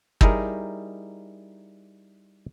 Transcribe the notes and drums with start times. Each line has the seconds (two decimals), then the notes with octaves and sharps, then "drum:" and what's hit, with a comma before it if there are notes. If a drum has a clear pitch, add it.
0.21 G3 D#4 E4 G#4 A#4, drum: kick